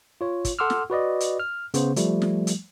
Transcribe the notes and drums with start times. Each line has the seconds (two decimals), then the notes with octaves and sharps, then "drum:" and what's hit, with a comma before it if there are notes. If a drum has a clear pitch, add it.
0.21 F4 C#5
0.45 drum: kick, hi-hat
0.59 A4 F#5 C6 D6 E6 F6
0.70 drum: snare
0.90 F#4 B4 D5 D#5
1.20 drum: hi-hat
1.40 F6
1.74 C#3 B3 C5, drum: hi-hat
1.96 F3 G3 A3, drum: hi-hat
2.22 drum: snare
2.47 drum: hi-hat